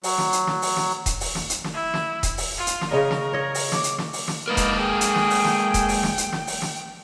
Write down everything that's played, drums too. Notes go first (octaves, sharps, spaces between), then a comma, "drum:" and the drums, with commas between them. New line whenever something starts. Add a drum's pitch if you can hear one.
F#3, drum: open hi-hat
drum: snare
drum: hi-hat
drum: snare
drum: open hi-hat
drum: snare
drum: kick D#1, hi-hat
drum: open hi-hat
drum: snare
drum: hi-hat
drum: snare
E4
drum: snare
drum: kick D#1, hi-hat
drum: open hi-hat
F4
drum: hi-hat
drum: snare
C#3 C#4 A#4 D#5
drum: snare
C#5 D#5
drum: open hi-hat
D6, drum: snare
drum: hi-hat
drum: snare
drum: open hi-hat
drum: snare
G#3 A#3 B3 D#4 A#4 D5
drum: kick D#1, hi-hat
G#4 G5
drum: hi-hat
drum: snare
drum: open hi-hat
drum: snare
drum: kick D#1, hi-hat
drum: open hi-hat
drum: snare
drum: hi-hat
drum: snare
drum: open hi-hat
drum: snare